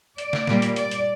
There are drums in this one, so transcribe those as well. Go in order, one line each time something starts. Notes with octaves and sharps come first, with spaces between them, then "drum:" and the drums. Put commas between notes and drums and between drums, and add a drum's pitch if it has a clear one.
D5, drum: hi-hat
drum: snare
A#2 G3 A#3, drum: snare
drum: hi-hat
D5, drum: hi-hat
drum: hi-hat